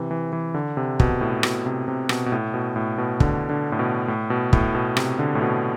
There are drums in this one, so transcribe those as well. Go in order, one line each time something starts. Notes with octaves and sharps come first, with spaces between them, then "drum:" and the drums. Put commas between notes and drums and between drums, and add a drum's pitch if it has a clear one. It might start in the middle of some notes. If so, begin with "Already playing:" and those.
Already playing: C3 E3
E3
E3
D3
C3
B2, drum: kick
A2
B2, drum: rim click
C3
C3
B2, drum: rim click
B2
A2
B2
A2
B2
D3, drum: kick
D3
A2
B2
A2
B2
A2, drum: kick
B2
C3, drum: rim click
D3
A2
B2